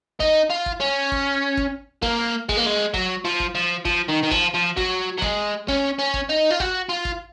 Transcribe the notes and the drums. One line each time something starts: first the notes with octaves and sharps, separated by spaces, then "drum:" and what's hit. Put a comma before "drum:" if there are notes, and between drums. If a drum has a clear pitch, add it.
D#4, drum: kick
F4
drum: kick
C#4
drum: kick
drum: kick
A#3, drum: kick
G#3, drum: kick
A#3
G#3
F#3, drum: kick
F3
drum: kick
F3
F3, drum: kick
D#3
D#3
F3, drum: kick
F3
F#3, drum: kick
F#3
G#3, drum: kick
C#4, drum: kick
C#4
drum: kick
D#4
F4
F#4, drum: kick
F4
drum: kick